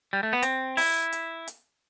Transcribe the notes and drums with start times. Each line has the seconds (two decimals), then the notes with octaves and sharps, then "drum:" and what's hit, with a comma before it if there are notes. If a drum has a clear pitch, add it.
0.13 G3
0.23 A3
0.33 B3
0.42 C4, drum: hi-hat
0.77 E4, drum: open hi-hat
1.12 drum: hi-hat
1.48 drum: hi-hat